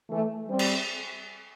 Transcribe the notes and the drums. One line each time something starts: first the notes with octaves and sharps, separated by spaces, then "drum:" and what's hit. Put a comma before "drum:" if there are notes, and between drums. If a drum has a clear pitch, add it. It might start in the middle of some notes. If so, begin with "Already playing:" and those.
E3 A3
G3 C4
drum: cymbal